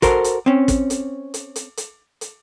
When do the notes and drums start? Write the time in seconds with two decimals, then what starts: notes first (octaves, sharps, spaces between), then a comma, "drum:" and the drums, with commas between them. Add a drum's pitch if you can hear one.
0.02 F#4 A4 A#4 C5, drum: kick, hi-hat
0.24 drum: hi-hat
0.46 C4 C#4
0.68 drum: kick, hi-hat
0.90 drum: hi-hat
1.34 drum: hi-hat
1.56 drum: hi-hat
1.77 drum: hi-hat
2.21 drum: hi-hat